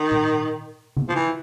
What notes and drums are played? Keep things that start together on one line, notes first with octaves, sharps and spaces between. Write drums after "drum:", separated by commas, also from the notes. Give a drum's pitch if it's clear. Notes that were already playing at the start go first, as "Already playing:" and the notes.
Already playing: D#3
drum: tom A#2
drum: tom C#3
F3
E3